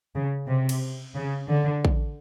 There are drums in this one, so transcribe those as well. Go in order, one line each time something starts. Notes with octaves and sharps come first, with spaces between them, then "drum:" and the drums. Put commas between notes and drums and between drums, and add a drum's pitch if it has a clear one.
C#3
C3
drum: cymbal
C#3
D3
drum: kick